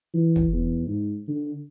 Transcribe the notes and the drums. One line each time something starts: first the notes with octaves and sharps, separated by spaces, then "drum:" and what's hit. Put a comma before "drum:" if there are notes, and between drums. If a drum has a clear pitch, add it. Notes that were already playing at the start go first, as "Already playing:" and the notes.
E3
drum: kick
E2
G#2
D3